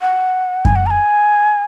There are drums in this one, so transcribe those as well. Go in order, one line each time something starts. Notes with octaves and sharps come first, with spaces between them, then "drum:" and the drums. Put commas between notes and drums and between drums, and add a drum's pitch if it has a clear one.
F#5
G#5, drum: kick F#2
F#5
A#5
G#5